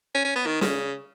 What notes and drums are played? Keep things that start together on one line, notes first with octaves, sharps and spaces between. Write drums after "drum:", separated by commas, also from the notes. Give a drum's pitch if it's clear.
C#4
C#4
B3
D#3
C#3, drum: snare